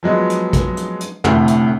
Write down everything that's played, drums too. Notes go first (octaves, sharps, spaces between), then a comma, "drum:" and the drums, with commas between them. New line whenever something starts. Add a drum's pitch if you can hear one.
F3 F#3 G#3 B3
drum: hi-hat
drum: kick, hi-hat
drum: hi-hat
drum: hi-hat
D2 A2 C3, drum: tom
drum: hi-hat